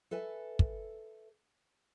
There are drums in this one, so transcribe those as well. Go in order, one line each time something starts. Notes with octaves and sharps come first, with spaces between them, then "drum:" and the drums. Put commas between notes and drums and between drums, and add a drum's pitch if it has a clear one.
A4 B4 E5 G#5
drum: kick